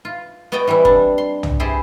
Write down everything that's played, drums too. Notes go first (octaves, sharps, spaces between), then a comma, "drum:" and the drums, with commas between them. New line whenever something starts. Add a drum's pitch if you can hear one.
F4
B3 F#4 D5 D#5 G5
E3 G3 C4 E4
D4, drum: kick
C6
drum: tom
E4 G4 G#4 C5 D5